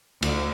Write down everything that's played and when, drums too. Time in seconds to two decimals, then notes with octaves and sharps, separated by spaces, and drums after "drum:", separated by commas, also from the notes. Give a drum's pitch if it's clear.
0.22 D2, drum: cymbal